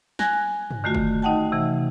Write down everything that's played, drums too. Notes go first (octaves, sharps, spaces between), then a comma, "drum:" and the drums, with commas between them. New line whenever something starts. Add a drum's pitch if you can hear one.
G#5 F#6 G#6 A#6, drum: snare
drum: tom
D3 D#3 A3 F4 F#4
drum: kick
D#4 D#5 F#5 G5 A5
C3 E3